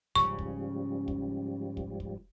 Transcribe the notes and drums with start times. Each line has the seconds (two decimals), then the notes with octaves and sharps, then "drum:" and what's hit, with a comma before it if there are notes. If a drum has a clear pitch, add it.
0.16 G#2 C#3 F3 G3 C#4 C#6, drum: kick
0.39 drum: kick
1.08 drum: kick
1.77 drum: kick
2.00 drum: kick